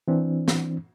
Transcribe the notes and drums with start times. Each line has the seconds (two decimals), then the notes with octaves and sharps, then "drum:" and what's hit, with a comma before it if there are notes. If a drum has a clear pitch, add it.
0.08 E3 C4 D4
0.48 drum: snare